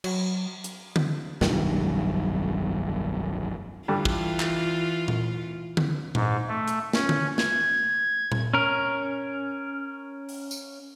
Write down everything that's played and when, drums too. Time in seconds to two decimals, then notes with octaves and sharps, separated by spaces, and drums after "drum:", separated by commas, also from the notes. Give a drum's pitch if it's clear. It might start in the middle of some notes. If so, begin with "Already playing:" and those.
0.04 F#3, drum: cymbal
0.64 drum: hi-hat
0.96 drum: tom D3
1.41 F1 B1 G2 D#3, drum: snare
3.88 G2 D3 E3 G3 F4
4.05 drum: kick
4.40 drum: clap
5.08 drum: tom A#2
5.77 drum: tom D3
6.15 G#2, drum: tom A#2
6.48 A3
6.68 drum: hi-hat
6.93 C#4, drum: snare
7.09 drum: tom D3
7.38 G#6, drum: snare
8.32 drum: tom A#2
8.54 C#4 A#4
10.29 drum: open hi-hat
10.51 drum: tambourine